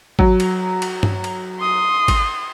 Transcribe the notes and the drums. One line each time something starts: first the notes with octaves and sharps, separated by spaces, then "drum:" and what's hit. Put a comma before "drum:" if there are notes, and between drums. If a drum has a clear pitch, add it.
F#3, drum: kick G#1
drum: cymbal
drum: cymbal
drum: tom G2
drum: cymbal
C6 D#6
drum: kick G#1, cymbal